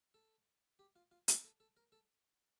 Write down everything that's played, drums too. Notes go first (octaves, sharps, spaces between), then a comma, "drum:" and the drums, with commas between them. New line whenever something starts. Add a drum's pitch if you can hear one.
A4
G4
F4
F4
G4, drum: hi-hat
A4
A4
A#4
A4